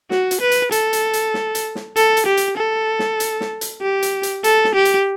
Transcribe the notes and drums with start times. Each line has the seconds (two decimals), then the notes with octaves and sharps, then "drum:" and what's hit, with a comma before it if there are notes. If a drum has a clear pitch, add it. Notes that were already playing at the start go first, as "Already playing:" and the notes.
0.11 F#4, drum: snare
0.31 drum: hi-hat
0.41 B4
0.51 drum: hi-hat
0.72 A4, drum: hi-hat
0.93 drum: hi-hat
1.13 drum: hi-hat
1.34 drum: snare
1.55 drum: hi-hat
1.75 drum: snare
1.96 A4, drum: hi-hat
2.17 drum: hi-hat
2.26 G4
2.37 drum: hi-hat
2.58 A4
2.99 drum: snare
3.20 drum: hi-hat
3.41 drum: snare
3.61 drum: hi-hat
3.82 G4
4.03 drum: hi-hat
4.23 drum: hi-hat
4.44 A4, drum: hi-hat
4.64 drum: snare
4.75 G4
4.85 drum: hi-hat